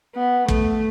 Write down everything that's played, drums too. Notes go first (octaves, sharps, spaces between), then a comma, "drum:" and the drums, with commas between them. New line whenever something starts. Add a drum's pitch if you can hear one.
B3
A3, drum: kick